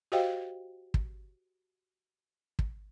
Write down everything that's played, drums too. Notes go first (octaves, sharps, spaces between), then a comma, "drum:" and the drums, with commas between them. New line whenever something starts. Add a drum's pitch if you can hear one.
F#4 G4 C5 D#5 F5 G5
drum: kick
drum: kick